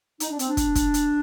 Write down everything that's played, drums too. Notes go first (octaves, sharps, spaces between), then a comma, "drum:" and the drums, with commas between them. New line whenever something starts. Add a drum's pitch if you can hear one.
D#4, drum: hi-hat
D4
C4, drum: hi-hat
D4
drum: kick, hi-hat
drum: kick, hi-hat
drum: hi-hat